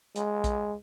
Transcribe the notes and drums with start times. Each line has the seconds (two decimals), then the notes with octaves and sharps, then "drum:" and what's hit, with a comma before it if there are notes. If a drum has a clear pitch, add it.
0.16 G#3, drum: hi-hat
0.44 drum: kick A#1, hi-hat